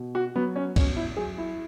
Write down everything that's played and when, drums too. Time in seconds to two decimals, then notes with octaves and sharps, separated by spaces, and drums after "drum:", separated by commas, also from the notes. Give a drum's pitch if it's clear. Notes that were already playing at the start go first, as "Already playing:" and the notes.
Already playing: B2
0.15 F#4
0.36 F#3 B3
0.56 C#4
0.76 B2 C#4, drum: kick C#2, cymbal
0.96 E4
1.17 F#3 G#4
1.38 E4